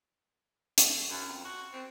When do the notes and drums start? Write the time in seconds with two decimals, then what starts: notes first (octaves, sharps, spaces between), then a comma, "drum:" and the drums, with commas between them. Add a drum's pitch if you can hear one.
0.78 drum: hi-hat
1.10 F#2
1.28 F2
1.45 F#4
1.73 C4